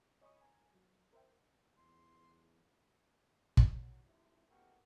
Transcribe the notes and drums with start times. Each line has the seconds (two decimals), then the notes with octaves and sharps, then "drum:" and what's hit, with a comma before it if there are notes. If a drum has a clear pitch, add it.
0.21 C#5 D#5 G#5 B5 C#6 D#6
0.41 G#5 A#5
0.75 F#3
1.13 A#4 C5 E5 G5
1.77 E2 C6
3.57 drum: kick
3.70 F#3
4.04 G#1 C3 E4
4.48 A3 B3 E4 F#4 G4 A#4